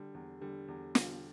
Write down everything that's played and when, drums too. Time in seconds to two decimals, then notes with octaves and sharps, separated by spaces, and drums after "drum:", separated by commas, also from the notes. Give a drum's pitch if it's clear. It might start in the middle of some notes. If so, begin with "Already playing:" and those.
Already playing: D3 G3
0.15 E2
0.41 D3 G3
0.68 E2
0.95 D3 G3, drum: snare